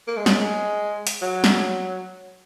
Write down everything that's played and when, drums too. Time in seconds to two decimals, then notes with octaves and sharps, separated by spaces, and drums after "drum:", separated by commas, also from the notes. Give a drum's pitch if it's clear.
0.08 A#3
0.17 G#3
0.26 F#3, drum: snare
0.36 G#3
1.07 drum: hi-hat
1.22 F#3
1.44 drum: snare